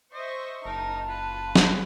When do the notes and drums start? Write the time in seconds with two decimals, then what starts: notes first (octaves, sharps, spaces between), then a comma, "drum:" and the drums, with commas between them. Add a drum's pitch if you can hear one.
0.14 C5 D#5 E5 C#6
0.65 F#1 D#4 A#4 A5
1.08 F4 B4
1.56 drum: snare